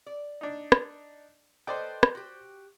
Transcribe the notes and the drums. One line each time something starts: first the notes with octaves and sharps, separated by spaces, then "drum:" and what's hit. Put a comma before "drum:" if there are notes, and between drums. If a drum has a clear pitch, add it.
D5
D4 D#4
drum: rim click
A4 B4 C5 D5 D#5 G5
drum: rim click
F#4 G4